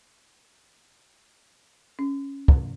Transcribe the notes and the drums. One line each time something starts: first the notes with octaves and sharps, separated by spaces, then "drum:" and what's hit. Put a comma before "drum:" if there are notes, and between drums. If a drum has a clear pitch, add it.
C#4
drum: kick